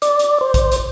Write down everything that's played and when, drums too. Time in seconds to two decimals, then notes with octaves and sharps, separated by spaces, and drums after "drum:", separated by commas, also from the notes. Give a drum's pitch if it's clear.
0.02 D5, drum: hi-hat
0.19 drum: hi-hat
0.41 C5
0.54 drum: kick A#1, hi-hat
0.72 drum: hi-hat